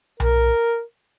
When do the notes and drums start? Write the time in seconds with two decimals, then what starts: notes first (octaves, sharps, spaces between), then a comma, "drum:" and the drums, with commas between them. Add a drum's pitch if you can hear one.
0.20 A#4, drum: tom B1